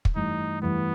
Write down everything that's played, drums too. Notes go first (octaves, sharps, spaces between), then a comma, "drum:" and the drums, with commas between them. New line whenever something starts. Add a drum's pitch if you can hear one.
drum: kick
G2 E3 A3 D#4
G2 E3 A3 B3